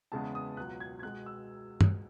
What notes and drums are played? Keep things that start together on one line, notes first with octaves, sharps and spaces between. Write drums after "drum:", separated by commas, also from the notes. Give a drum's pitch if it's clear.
E2 C#3 G#3 B3 A5
D#6
C#2 B2 F#3 F#6
G#6
G#6
B2 G#3 B3 F#6
E6
drum: tom